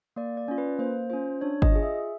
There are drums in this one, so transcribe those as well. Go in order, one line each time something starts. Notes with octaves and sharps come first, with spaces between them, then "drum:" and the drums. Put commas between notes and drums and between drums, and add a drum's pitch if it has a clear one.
A#3 D5
D5
C#4 F4
B4
A#3 C5
C#4 F4 C5
D4 C#5
D#5, drum: kick G1
F4 G#4
E5